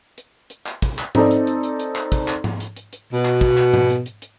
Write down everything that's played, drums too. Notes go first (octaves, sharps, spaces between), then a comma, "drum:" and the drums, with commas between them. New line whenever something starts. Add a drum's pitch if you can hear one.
drum: hi-hat
drum: hi-hat
drum: clap
drum: kick, hi-hat
drum: clap
C4 D#4 A4 D5, drum: tom G#2
drum: hi-hat
drum: hi-hat
drum: hi-hat
drum: hi-hat
drum: clap
drum: kick, hi-hat
drum: clap
drum: tom G#2
drum: hi-hat
drum: hi-hat
drum: hi-hat
B2
drum: clap
drum: kick
drum: clap
drum: tom G#2
drum: hi-hat
drum: hi-hat
drum: hi-hat